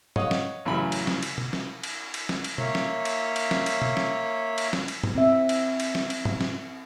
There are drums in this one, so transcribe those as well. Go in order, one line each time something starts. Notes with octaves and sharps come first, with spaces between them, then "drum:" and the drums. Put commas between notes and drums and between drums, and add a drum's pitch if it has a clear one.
C#5 D#5 F5 F#5 D#6, drum: tom G#2
drum: snare
A1 F#2 C#3 G#5 B5
drum: cymbal
drum: snare
drum: cymbal
drum: tom B2
drum: snare
drum: cymbal
drum: cymbal
drum: snare
drum: cymbal
A#3 C#5 E5, drum: tom B2
drum: snare
drum: cymbal
drum: cymbal
drum: snare
drum: cymbal
drum: tom B2
drum: snare
drum: cymbal
drum: snare
drum: cymbal
drum: tom G#2
C4 E5
drum: cymbal
drum: cymbal
drum: snare
drum: cymbal
drum: tom G#2
drum: snare